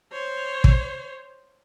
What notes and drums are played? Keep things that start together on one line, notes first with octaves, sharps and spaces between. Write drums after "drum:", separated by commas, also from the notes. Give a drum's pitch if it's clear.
C5 C#5
drum: kick